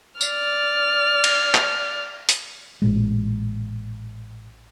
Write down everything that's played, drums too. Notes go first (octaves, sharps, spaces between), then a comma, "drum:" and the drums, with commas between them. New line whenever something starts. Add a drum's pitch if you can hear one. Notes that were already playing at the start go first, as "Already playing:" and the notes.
D5 F6, drum: tambourine
drum: cymbal
drum: clap
drum: hi-hat
A1 A#2 G#3